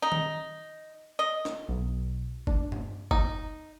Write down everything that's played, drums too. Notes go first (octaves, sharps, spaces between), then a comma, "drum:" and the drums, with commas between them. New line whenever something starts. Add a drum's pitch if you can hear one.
D#4
drum: tom D#3
D#5
drum: snare
B1
D4, drum: kick
drum: tom G2
D#4, drum: kick